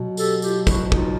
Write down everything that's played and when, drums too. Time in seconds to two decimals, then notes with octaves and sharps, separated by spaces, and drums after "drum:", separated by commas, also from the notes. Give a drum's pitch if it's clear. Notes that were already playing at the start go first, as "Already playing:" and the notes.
Already playing: B2 F#3
0.17 G4 A4, drum: tambourine
0.42 F4 G4, drum: tambourine
0.67 E4 F#4, drum: kick, tambourine
0.92 D#4 F4, drum: kick